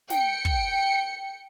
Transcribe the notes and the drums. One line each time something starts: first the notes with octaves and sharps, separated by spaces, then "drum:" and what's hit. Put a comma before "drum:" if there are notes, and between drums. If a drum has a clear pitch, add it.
G5 C#7, drum: snare
drum: kick